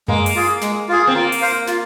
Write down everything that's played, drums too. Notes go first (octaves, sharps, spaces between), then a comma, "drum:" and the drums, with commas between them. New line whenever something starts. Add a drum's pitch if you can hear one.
G#3 A#3, drum: tom F#2
drum: open hi-hat
F4 G#4
G#3, drum: snare
F4 G#4
C4
A#3 F4
drum: open hi-hat
C5 F5
F4, drum: snare